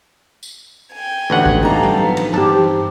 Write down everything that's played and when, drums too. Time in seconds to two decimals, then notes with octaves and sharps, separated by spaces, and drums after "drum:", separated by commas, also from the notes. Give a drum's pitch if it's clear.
0.43 drum: tambourine
0.96 G5 G#5
1.30 A1 D2 F#5
1.46 drum: kick
1.63 D#4 G4 A4 F5 A#5
1.83 drum: tom F#3
2.01 F3 B3
2.17 drum: cymbal
2.33 G2 C4 G4 A5, drum: tom E3